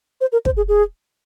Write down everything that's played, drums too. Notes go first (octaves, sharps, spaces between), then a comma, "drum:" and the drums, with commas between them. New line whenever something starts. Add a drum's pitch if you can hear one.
C5
A#4
C5, drum: kick
G#4
G#4